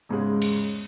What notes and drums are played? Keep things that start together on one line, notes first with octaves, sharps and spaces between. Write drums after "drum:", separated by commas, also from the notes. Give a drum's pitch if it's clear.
E2 G#2 C#3 G#3
drum: cymbal